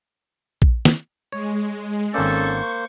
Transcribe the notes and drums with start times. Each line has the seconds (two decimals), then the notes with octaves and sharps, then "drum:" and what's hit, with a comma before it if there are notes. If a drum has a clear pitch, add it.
0.62 drum: kick A#1
0.85 drum: snare
1.32 G#3 C#5
2.14 G#1 A#3 C#4 A4 C5 D5 C#6 C#7